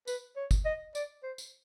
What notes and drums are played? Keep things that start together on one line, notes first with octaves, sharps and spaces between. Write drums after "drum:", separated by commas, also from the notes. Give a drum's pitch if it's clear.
B4, drum: tambourine
C#5
drum: kick, tambourine
D#5
D5, drum: tambourine
C5
drum: tambourine